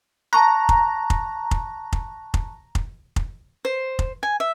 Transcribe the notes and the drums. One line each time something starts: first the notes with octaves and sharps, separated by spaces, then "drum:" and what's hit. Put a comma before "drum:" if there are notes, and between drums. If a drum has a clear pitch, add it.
A5 A#5 C#6 F#6
drum: kick F1
drum: kick F1
drum: kick F1
drum: kick F1
drum: kick F1
drum: kick F1
drum: kick F1
C5
drum: kick F1
G#5
E5